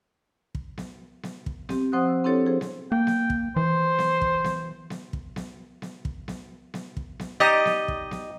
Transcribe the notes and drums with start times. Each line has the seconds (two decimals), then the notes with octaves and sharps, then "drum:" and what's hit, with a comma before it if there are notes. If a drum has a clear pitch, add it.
0.55 drum: kick
0.78 drum: snare B3
1.23 drum: snare B3
1.46 drum: kick
1.69 C4 G4, drum: snare B3
1.92 F3 C4 C5 F#5 D#6 F#6
2.07 E6
2.24 C4 D4 E4 G4 A4 C#5
2.45 F3 G#4 C5
2.61 drum: snare B3
2.92 A#3 G5
3.07 drum: snare B3
3.30 drum: kick
3.56 E3 C5
3.99 drum: snare B3
4.21 drum: kick
4.44 drum: snare B3
4.90 drum: snare B3
5.13 drum: kick
5.36 drum: snare B3
5.82 drum: snare B3
6.05 drum: kick
6.28 drum: snare B3
6.74 drum: snare B3
6.97 drum: kick
7.20 drum: snare B3
7.40 D#4 G4 D5 D#5
7.65 drum: snare B3
7.88 drum: kick
8.11 drum: snare B3